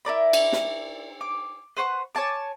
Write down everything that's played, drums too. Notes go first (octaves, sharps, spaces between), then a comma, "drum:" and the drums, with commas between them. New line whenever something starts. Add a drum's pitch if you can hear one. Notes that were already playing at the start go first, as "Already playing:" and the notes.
E4 A#4 D5 B5
drum: cymbal
drum: snare
D6
B4 C5 F#5 C#6
C#5 G#5 A5 D6